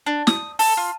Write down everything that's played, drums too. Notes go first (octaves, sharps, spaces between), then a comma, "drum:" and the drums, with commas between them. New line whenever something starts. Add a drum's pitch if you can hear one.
D4
D#6, drum: snare
A4, drum: open hi-hat
F4